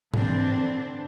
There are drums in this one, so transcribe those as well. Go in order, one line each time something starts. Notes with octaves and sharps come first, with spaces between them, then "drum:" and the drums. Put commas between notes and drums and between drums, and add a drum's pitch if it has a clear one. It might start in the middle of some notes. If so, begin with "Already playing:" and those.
D3 E3 C4 D4, drum: tom G#2